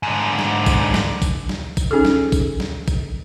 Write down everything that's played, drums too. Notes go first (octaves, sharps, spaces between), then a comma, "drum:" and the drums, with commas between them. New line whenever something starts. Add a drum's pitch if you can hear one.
G#2 D3
drum: snare
drum: kick A1, tambourine
drum: snare
drum: kick A1, tambourine
drum: snare
drum: kick A1, tambourine
C#4 D#4 G#4 A4
drum: snare
drum: kick A1, tambourine
drum: snare
drum: kick A1, tambourine